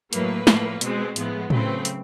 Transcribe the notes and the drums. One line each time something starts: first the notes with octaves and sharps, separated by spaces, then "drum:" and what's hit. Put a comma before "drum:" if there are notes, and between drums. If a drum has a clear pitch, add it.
A2 F#3 A#3 B4, drum: hi-hat
A2 F3 A#3, drum: snare
B2 G#3 C4, drum: hi-hat
A2 F3 G#3 B3, drum: hi-hat
C#3 F#3 A3 C4 B4, drum: tom A2
drum: hi-hat